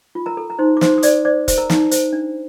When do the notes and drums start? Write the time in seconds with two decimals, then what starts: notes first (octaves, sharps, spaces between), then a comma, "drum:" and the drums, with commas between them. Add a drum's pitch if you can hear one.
0.15 F4
0.26 A#4 A#5
0.37 A4
0.50 A#5
0.59 D#4 C5 C6
0.77 D6
0.81 D#4 C5 C6, drum: snare
0.98 D#6
1.03 C5 D5 D6, drum: hi-hat
1.25 C5 D5 D6
1.48 C5, drum: kick E1, hi-hat
1.57 A#4 A#5
1.70 D#4, drum: snare
1.91 C5, drum: hi-hat
2.13 D4